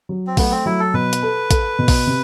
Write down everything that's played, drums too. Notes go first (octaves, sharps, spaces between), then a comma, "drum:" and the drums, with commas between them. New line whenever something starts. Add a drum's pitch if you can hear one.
F#3
C4
A3 B3, drum: kick, open hi-hat
C4
F#3 E4
A4
B2 B4
drum: hi-hat
A4
A4, drum: kick, hi-hat
B2
drum: kick, open hi-hat
C3